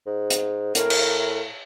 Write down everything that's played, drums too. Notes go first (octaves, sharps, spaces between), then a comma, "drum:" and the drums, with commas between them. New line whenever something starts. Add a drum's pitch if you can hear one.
G#2
drum: hi-hat
A2 A#4, drum: hi-hat
drum: cymbal